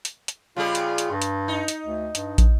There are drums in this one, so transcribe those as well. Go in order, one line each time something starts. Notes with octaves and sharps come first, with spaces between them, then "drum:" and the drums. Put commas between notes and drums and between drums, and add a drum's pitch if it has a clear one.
drum: hi-hat
drum: hi-hat
C#3 G3 F4 G#4
drum: hi-hat
drum: hi-hat
G2
drum: hi-hat
D#4
drum: hi-hat
D2
G2, drum: hi-hat
drum: kick, hi-hat